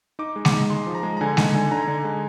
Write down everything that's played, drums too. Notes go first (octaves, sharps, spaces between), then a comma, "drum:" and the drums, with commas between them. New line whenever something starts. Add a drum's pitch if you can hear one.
D#4 D6
G#3
D6, drum: snare G#3
D#4
G#3 C6
F3
A#5
G#3
A#5
D3 G#5
D#4, drum: snare G#3
D3 G#5
D3 A#5
D3
G#3